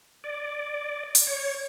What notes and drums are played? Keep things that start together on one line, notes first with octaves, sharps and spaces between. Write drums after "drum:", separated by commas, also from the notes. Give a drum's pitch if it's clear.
D5
drum: open hi-hat
C#5